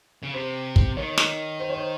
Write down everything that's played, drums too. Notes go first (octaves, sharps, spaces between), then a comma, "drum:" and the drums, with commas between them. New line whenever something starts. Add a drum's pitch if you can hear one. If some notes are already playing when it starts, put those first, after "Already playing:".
C#3
C3 C5
drum: kick
D#3 C#5
drum: snare
C5
C#5
C5